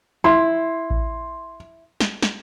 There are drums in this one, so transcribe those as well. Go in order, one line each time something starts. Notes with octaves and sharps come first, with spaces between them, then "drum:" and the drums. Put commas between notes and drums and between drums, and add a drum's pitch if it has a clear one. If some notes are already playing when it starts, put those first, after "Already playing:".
E4 C6
drum: kick A1
drum: snare
drum: snare